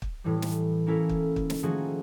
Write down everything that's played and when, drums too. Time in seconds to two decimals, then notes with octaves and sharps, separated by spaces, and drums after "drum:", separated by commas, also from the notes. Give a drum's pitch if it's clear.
0.02 drum: kick
0.24 A2 E3 G3
0.42 drum: snare
0.87 A#3 C#4 E4 A4 A#4
1.09 drum: kick
1.36 drum: kick
1.50 drum: snare
1.63 D#3 F3 A3 A#3 F#4 G#4